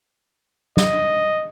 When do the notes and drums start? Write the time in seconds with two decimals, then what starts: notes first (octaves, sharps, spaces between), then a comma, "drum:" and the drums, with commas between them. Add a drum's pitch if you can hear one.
0.77 D#5, drum: snare